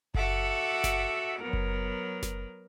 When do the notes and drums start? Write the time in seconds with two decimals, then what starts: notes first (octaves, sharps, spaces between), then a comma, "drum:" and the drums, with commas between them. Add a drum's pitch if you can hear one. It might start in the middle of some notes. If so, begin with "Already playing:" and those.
0.14 F#4 A4 E5 F#5 D6, drum: kick F#1
0.84 drum: snare F#1
1.40 F#3 B3 A#4
1.53 drum: kick F#1
2.23 drum: snare F#1